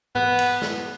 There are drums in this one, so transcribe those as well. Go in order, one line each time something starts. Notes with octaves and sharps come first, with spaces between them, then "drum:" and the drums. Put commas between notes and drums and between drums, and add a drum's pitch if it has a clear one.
B3, drum: tom G#2
drum: cymbal
drum: snare